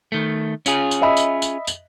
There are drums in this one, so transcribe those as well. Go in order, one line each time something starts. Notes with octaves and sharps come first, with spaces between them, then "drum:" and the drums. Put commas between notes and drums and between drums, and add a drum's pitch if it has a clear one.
D#3 A3
C#4 F4 G#4, drum: tambourine
drum: tambourine
D#5 E5 B5
drum: tambourine
drum: tambourine
drum: tambourine